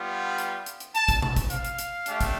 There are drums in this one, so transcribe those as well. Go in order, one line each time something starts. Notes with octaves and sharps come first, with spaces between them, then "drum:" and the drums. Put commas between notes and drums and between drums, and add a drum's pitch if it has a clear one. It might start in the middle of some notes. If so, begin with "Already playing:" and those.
Already playing: G3 B3 F4
drum: hi-hat
drum: hi-hat
drum: hi-hat
A5, drum: hi-hat
drum: kick, hi-hat
drum: tom B2
drum: kick, hi-hat
F5, drum: hi-hat
drum: hi-hat
drum: hi-hat
A3 D4 G4, drum: hi-hat
drum: kick, hi-hat